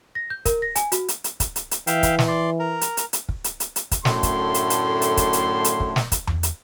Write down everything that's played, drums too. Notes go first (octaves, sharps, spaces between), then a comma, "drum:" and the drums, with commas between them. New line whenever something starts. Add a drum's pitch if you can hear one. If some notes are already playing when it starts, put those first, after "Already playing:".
A#6
G6
A#4, drum: kick, hi-hat
A#6
G#5, drum: hi-hat
F#4, drum: hi-hat
drum: hi-hat
drum: hi-hat
drum: kick, hi-hat
drum: hi-hat
drum: hi-hat
E3 E5 F5 G5, drum: hi-hat
drum: kick, hi-hat
drum: snare
D5 C6
A#4
drum: hi-hat
drum: hi-hat
drum: hi-hat
drum: kick
drum: hi-hat
drum: hi-hat
drum: hi-hat
drum: kick, hi-hat
F#2 A2 D3 A3 C6, drum: snare
drum: kick, hi-hat
drum: hi-hat
drum: hi-hat
drum: hi-hat
drum: kick, hi-hat
drum: hi-hat
drum: hi-hat
drum: kick
drum: snare
drum: kick, hi-hat
drum: tom E2
drum: hi-hat